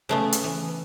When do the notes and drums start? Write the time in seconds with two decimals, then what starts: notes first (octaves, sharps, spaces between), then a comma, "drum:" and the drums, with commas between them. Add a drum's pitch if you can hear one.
0.09 C#3 A3 B3
0.33 drum: hi-hat
0.44 E3